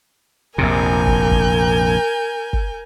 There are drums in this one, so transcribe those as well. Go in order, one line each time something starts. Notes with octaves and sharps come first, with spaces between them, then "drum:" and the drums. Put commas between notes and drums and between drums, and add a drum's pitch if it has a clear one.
A#1 F2 C3 A#4 G#5 G6
drum: kick
drum: kick
drum: kick